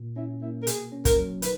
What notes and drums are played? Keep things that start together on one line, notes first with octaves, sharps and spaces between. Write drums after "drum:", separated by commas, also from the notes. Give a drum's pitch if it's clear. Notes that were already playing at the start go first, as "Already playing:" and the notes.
Already playing: A#2
C#4 E4
A#3 E4
A#4
B2 G#4, drum: hi-hat
C#4
A#4, drum: kick, hi-hat
F#3
D#3 B4, drum: hi-hat